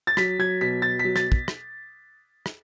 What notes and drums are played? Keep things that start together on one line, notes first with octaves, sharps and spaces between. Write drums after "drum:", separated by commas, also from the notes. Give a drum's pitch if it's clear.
A6
F#3 B6, drum: rim click
F#3 G#6
B2 B6
B2 A6
B6
F#3
A6, drum: rim click
drum: kick
drum: rim click
drum: rim click